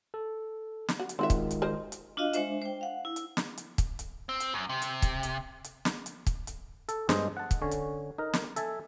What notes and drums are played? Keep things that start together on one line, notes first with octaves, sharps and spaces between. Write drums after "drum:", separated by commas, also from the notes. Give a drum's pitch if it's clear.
A4
drum: snare
F#4
drum: hi-hat
D#3 G#3 C4 F4 F#4 E5
drum: kick, hi-hat
drum: hi-hat
A#4 C5 D#5
drum: hi-hat
D4 F4 F#4 D#5 F5
G#3 D4 C5 E5, drum: hi-hat
C5 G5
F5 F#5
E4
drum: hi-hat
drum: snare
drum: hi-hat
drum: kick, hi-hat
drum: hi-hat
C4
drum: hi-hat
F#2
C3
drum: hi-hat
drum: kick, hi-hat
drum: hi-hat
drum: hi-hat
drum: snare
drum: hi-hat
drum: kick, hi-hat
drum: hi-hat
A4, drum: hi-hat
G2 G#3 C5 D#5, drum: snare
F#5 A5
drum: kick, hi-hat
D3 C#4 C#5
drum: hi-hat
D#4 A#4
drum: snare
A4 E5 G#5 A5, drum: hi-hat